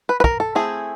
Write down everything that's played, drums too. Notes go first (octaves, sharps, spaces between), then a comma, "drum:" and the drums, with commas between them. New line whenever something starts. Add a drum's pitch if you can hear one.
B4
B4
A#4, drum: kick
A4
A3 C4 E4 G#4